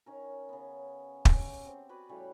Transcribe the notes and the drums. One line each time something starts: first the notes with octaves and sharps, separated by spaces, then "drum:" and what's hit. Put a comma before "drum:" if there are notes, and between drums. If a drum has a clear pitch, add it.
D#3 C#4 A#4
C#3 B3
C#4 G4 C#6, drum: kick
C4
F#4 B4 D5 G#5
A2 C#3 G3 F#4